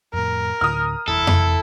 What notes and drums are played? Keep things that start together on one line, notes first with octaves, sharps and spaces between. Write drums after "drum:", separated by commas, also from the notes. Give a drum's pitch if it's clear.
F2 A2 A#4
D2 A2 D3 D#6 F6
F#1 E2 E4 A4
drum: tom F2